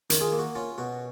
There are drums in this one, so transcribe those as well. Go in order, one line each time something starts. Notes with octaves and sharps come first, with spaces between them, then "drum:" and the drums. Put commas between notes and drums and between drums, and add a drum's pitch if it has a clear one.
D#3, drum: hi-hat
F4 G#4
A#3
F#4
C#4 F4
B2 F#4